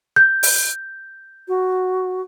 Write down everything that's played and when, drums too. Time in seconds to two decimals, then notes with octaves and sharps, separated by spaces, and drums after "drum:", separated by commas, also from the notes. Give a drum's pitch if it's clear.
0.16 G6
0.43 drum: open hi-hat
1.48 F#4